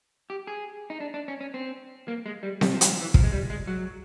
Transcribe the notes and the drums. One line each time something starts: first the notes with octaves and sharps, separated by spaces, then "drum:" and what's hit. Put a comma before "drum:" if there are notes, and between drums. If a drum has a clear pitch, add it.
G4
G#4
D#4
D4
D4
C#4
C#4
C4
A#3
G#3
G3
G3, drum: snare C4
F3
F#3, drum: hi-hat
F3
E3
F3, drum: kick
G#3
G3
G#3
F#3